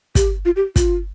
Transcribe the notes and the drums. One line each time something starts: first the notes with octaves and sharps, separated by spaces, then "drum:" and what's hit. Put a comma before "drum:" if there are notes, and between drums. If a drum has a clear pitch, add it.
G4, drum: kick, hi-hat
F4
G4
F4, drum: kick, hi-hat